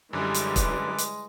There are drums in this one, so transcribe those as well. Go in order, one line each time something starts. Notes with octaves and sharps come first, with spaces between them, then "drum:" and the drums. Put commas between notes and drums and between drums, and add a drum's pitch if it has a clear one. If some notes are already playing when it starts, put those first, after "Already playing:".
F#2 D3 E3 G3 G#3 B4 D6
drum: hi-hat
drum: kick, hi-hat
drum: hi-hat